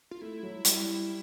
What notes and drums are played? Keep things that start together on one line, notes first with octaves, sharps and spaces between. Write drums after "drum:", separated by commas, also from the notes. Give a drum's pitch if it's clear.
F4
A3 E4
F#3
G3, drum: hi-hat